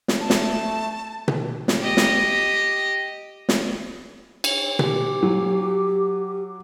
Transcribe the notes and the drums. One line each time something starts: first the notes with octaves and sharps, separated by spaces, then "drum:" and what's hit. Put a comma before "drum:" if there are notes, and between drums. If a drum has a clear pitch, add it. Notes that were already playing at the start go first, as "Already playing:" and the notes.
drum: snare
A3 A5
drum: snare
drum: tom B2
drum: snare
G4 D#5
drum: snare
drum: snare
C#5, drum: cymbal
G4, drum: tom B2
F#3